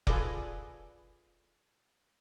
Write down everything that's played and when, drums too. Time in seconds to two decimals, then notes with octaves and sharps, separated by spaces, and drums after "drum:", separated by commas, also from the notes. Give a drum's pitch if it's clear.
0.07 F4 G#4 A4 B4 D5 D#5, drum: kick F1